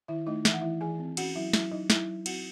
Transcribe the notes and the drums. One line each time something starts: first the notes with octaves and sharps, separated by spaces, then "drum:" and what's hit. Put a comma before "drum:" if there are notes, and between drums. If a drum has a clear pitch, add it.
D#3 E4 E5
A3 D#4 D#5
E3 E5, drum: snare
F#5
E3 E4 E5
E3 G#4 G#5
C4
C#4 F#4 F#5, drum: cymbal
F#3 E4 E5
F#3 E4 E5, drum: snare
F#3 D#4 D#5
F#3 E4 E5, drum: snare
F#3
C4 F#4 F#5, drum: cymbal